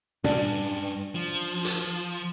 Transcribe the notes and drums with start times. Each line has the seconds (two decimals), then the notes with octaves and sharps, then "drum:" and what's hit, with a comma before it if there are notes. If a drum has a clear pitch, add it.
0.24 G2 C#4 D4, drum: tom A#2
1.15 F3
1.65 drum: hi-hat